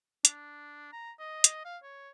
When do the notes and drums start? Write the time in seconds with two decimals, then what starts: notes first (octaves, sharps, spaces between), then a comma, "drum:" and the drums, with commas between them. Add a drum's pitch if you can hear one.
0.25 D4, drum: hi-hat
0.92 A#5
1.19 D#5
1.44 drum: hi-hat
1.65 F5
1.83 C#5